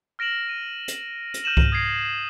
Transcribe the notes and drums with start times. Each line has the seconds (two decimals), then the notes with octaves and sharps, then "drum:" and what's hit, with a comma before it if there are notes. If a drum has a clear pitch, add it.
0.19 F6 A#6 D7 E7 F#7
0.49 D#7
0.88 drum: hi-hat
1.34 drum: hi-hat
1.44 F6 G6 D#7 E7 F#7
1.57 drum: kick C2
1.72 D#6 G#6 A#6 C7 D7